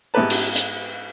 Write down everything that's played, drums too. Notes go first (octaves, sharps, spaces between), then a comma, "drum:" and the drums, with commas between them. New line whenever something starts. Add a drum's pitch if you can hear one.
G#2 B3 E4 G4 B4 A5
drum: cymbal
drum: hi-hat